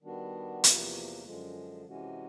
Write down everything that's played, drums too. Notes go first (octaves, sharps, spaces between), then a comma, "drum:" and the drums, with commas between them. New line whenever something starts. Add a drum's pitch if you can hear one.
D#3 G3 B3 D4 F#4
E2 C3 F3 A#3, drum: hi-hat
F#2 D3 F3 G#3
C3 E3 G#3 C#4 F#4